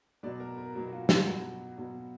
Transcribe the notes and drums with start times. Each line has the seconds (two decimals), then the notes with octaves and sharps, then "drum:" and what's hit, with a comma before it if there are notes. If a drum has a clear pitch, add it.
0.23 B2 F#3 D5
0.40 A#4
0.58 A#4
0.75 B2 F#3
0.87 F#4
0.92 F4
1.09 F#4, drum: snare
1.27 B2 F#3
1.78 B2 F#3